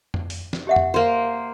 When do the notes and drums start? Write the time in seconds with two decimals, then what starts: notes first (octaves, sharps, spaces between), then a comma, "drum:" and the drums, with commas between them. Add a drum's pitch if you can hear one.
0.14 drum: tom F2
0.30 drum: open hi-hat
0.53 drum: snare
0.67 G4 E5 F#5
0.76 drum: tom F2
0.94 A#3 C5